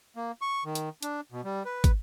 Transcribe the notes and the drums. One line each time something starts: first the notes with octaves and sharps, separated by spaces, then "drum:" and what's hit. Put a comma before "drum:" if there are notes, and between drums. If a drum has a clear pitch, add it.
A#3
C#6
D#3
drum: hi-hat
D4, drum: hi-hat
B2
G3
B4
drum: kick, hi-hat